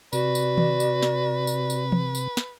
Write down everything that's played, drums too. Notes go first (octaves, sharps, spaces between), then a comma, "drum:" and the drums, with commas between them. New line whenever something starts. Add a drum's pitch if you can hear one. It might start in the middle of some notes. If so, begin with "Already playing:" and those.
C3 F#4 B4 D5, drum: tambourine
drum: tambourine
drum: tom D#3
drum: tambourine
drum: snare
drum: tambourine
drum: tambourine
drum: tom E3
drum: tambourine
drum: snare